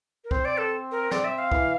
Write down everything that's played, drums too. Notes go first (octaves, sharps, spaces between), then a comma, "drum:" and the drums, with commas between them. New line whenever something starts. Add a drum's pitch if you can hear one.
A#4
C4 C5, drum: kick
D5
A4
A#4
C4 D5, drum: snare
E5
F5
E3, drum: kick